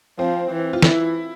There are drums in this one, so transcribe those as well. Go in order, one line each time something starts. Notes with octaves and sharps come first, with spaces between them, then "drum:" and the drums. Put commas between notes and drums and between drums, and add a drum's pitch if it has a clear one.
F3 C4
E3
F4
E3 E4, drum: snare